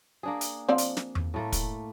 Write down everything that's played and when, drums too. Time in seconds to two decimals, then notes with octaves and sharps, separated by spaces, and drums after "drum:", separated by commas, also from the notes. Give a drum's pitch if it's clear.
0.23 A#3 D4 G#4
0.41 drum: hi-hat
0.69 F3 C4 D5
0.78 drum: hi-hat
0.97 drum: snare
1.15 drum: tom E2
1.34 A2 A3 A#3
1.52 drum: kick, hi-hat